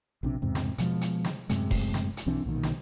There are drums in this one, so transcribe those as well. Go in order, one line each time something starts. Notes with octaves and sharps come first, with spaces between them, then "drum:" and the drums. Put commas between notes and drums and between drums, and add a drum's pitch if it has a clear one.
A#1 C3 D4
E2 G#2 C3
drum: snare
B2 F3 G#3, drum: hi-hat
drum: hi-hat
drum: snare
F#2 A2 C3 G#3, drum: hi-hat
drum: kick F1, open hi-hat
drum: snare
drum: hi-hat
B1 E3 C4 D4
B1 A#2 D#3
drum: snare